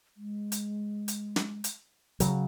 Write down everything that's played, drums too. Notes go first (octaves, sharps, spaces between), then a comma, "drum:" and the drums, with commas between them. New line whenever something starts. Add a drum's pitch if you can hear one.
G#3
drum: hi-hat
drum: hi-hat
drum: snare
drum: hi-hat
C#3 F#3, drum: hi-hat